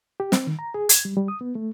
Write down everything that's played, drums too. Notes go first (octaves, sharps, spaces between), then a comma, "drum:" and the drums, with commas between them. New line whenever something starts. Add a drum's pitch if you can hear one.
G4
C4, drum: snare
D#3
A#5
G#4
G#6, drum: hi-hat
G3
G3
D#6
B3
A3